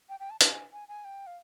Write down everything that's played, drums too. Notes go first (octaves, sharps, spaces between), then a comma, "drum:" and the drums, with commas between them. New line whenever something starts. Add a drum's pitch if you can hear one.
G5
G5
A5
A5, drum: hi-hat
G#5
G#5
G#5
G5
F5